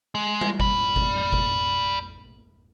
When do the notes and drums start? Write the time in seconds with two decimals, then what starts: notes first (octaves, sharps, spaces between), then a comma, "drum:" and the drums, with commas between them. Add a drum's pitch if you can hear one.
0.15 G#3
0.41 drum: tom G3
0.60 D5 B5, drum: kick G#1
0.96 drum: kick G#1
1.33 drum: kick G#1